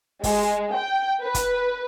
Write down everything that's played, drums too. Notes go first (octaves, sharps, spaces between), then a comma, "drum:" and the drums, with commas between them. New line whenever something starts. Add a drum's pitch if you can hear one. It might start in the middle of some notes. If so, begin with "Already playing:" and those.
G#3, drum: kick, open hi-hat
G5
B4
drum: kick, hi-hat